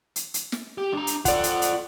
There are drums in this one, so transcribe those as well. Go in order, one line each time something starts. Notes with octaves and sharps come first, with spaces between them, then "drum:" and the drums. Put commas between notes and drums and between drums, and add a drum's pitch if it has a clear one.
drum: hi-hat
drum: hi-hat
drum: snare
G4
D4 A#5
drum: hi-hat
F4 A4 D5 F#5, drum: kick, hi-hat
drum: hi-hat
drum: hi-hat